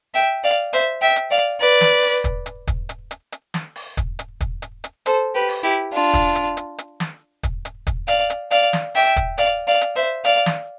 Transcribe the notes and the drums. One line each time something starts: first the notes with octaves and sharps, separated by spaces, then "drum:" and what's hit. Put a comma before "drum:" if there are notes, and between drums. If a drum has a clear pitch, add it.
E5 G5
D5 F5
C5 E5, drum: hi-hat
E5 G5
drum: hi-hat
D5 F5
B4 D5
drum: snare
drum: open hi-hat
drum: kick, hi-hat
drum: hi-hat
drum: kick, hi-hat
drum: hi-hat
drum: hi-hat
drum: hi-hat
drum: snare
drum: open hi-hat
drum: kick, hi-hat
drum: hi-hat
drum: kick, hi-hat
drum: hi-hat
drum: hi-hat
A4 C5, drum: hi-hat
G4 B4
drum: open hi-hat
E4 G4
D4 F4
drum: kick, hi-hat
drum: hi-hat
drum: hi-hat
drum: hi-hat
drum: snare
drum: kick, hi-hat
drum: hi-hat
drum: kick, hi-hat
D5 F5, drum: hi-hat
drum: hi-hat
D5 F5, drum: hi-hat
drum: snare
E5 G5, drum: open hi-hat
drum: kick, hi-hat
D5 F5, drum: hi-hat
D5 F5
drum: hi-hat
C5 E5
D5 F5, drum: hi-hat
drum: snare